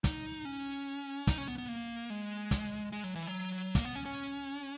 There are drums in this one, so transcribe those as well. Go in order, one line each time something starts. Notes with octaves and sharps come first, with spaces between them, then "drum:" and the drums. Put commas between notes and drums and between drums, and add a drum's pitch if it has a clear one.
D#4, drum: kick, hi-hat
C#4
D#4, drum: kick, hi-hat
C#4
B3
B3
A#3
G#3
drum: kick, hi-hat
G#3
F#3
E3
F#3
A#3, drum: kick, hi-hat
B3
C#4
C#4